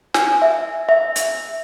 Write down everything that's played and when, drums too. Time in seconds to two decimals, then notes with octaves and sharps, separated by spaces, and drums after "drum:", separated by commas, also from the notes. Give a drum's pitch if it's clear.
0.14 G#5, drum: snare
0.42 E5
0.89 E5
1.16 drum: hi-hat